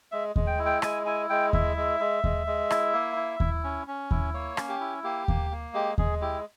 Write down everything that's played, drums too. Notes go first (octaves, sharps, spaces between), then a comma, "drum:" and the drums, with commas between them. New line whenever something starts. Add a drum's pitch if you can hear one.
G#3 E5
G#3, drum: kick D#2
G5
E4
G5
G#3 G#5, drum: rim click
E4 G#5
G#3 G5
E4 E5, drum: kick D#2
G#3
G#3
G#3, drum: kick D#2
G#3
E4, drum: rim click
A#3
E4
E4, drum: kick D#2
C#4
C#4
E4, drum: kick D#2
A#3 C#5
C#4, drum: rim click
G4
E4
A#3 G4
A#3, drum: kick D#2
A#3
G#3 G4
G#3 G#4, drum: kick D#2
E4 G4